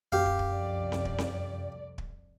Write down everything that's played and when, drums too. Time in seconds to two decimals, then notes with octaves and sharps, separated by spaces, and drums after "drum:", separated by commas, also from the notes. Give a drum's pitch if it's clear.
0.12 F#2 G4 F5
0.26 drum: kick
0.39 drum: kick
0.49 C2 F2 D5
0.92 drum: snare C4
1.05 drum: kick
1.18 drum: snare C4
1.98 drum: kick